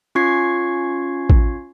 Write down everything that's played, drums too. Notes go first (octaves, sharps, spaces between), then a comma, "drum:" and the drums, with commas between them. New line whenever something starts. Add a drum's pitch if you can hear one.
C#4 F4 C#6 G#6 C7
drum: kick